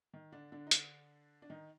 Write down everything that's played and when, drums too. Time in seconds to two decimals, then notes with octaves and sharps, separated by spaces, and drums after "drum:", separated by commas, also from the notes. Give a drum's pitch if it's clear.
0.14 D#3
0.32 D3 D4
0.52 D3 D4
0.67 D#4
0.71 D3 D4, drum: hi-hat
1.42 D4
1.50 D#3 D#4